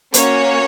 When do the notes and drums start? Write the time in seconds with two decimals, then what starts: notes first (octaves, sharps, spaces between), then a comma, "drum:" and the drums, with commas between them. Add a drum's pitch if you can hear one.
0.14 A#3 C#4 F#4 C#5, drum: hi-hat